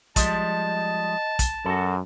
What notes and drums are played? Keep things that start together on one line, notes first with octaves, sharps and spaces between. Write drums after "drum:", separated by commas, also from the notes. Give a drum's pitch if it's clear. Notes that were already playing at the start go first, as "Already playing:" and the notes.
F3 G3 G#3 D#5 A5, drum: kick, hi-hat
drum: kick, hi-hat
F#2 F#4 A4